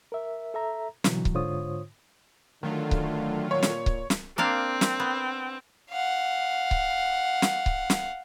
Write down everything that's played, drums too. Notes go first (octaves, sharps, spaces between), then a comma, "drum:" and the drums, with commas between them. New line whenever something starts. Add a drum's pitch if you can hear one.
A#4 E5
A4 E5 A#5
B2 D3 E3 F#3, drum: snare
drum: kick C#1
G#2 D3 F4 C5 C#5 D#6
D3 D#3 F#3 A3 F4
drum: kick C#1
A#2 C#5
drum: snare
drum: kick C#1
drum: snare
A#3 C4 D4 F5
drum: snare
B3
F5 F#5
drum: kick C#1
drum: snare
drum: kick C#1
drum: snare